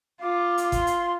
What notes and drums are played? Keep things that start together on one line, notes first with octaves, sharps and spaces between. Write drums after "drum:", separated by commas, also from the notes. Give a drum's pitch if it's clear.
F4 D6
drum: hi-hat
C6, drum: kick G1, hi-hat
drum: hi-hat